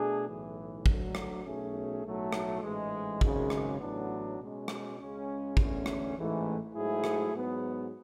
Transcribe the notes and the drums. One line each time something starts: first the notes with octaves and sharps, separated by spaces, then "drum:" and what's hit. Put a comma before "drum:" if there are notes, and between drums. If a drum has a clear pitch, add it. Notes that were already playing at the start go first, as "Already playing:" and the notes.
Already playing: B2 A3 D4 G#4
B1 A2 E3
D2 D3 F#3, drum: kick
drum: rim click
B1 B2 A3 C#4 G#4
B1 A2 F#3 A3
drum: rim click
A1 G#2 E3 G#3
G#1 F#2 C#3 G#3, drum: kick
drum: rim click
A1 A2 F#3 B3 D4
B2 G#3 C#4
drum: rim click
C#2 C#3 G#3 C#4
E2 D3 A3 C#4, drum: kick
drum: rim click
A1 G#2 E3 A3
G#2 F#3 A3 E4 G#4
drum: rim click
G#2 F#3 B3